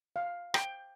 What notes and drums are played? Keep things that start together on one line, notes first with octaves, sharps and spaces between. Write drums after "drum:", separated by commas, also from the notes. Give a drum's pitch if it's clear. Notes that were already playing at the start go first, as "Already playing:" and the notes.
F5
G5, drum: rim click